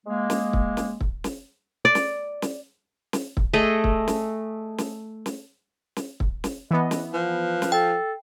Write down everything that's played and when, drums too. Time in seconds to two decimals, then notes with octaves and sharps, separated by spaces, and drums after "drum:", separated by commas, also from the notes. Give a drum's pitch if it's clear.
0.06 G#3 A#3
0.30 drum: snare
0.53 drum: kick
0.77 drum: snare
1.01 drum: kick
1.24 drum: snare
1.85 D5
1.95 drum: snare
2.42 drum: snare
3.13 drum: snare
3.37 drum: kick
3.54 A3 G#4 D#5
3.84 drum: kick
4.08 drum: snare
4.78 drum: snare
5.26 drum: snare
5.96 drum: snare
6.20 drum: kick
6.44 drum: snare
6.71 E3 B3 D#5
6.91 drum: snare
7.13 F3 B4
7.62 drum: snare
7.72 A4 G5